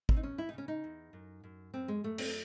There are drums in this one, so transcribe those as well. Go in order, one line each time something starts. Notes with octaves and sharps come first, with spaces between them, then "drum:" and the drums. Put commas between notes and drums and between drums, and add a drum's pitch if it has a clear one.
C4, drum: kick G#1
D#4
E2 C#4
E4
D#4
C#3 C#4
D#4
E2
F#2
F#2
F#2 C4
G#3
F#2 A3
C4, drum: cymbal